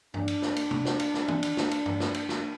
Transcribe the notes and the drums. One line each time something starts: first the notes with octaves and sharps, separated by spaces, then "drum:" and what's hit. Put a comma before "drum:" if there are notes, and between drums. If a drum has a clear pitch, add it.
D4, drum: tom G2
drum: cymbal
drum: snare
drum: cymbal
drum: tom
drum: snare
drum: cymbal
drum: snare
drum: tom
drum: cymbal
drum: snare
drum: cymbal
drum: tom G2
drum: snare
drum: cymbal
drum: snare